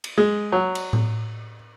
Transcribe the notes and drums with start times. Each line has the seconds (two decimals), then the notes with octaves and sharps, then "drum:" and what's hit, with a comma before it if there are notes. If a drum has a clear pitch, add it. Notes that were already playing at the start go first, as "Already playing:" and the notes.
0.04 drum: cymbal
0.18 G#3
0.52 F#3
0.75 drum: cymbal
0.93 drum: tom A2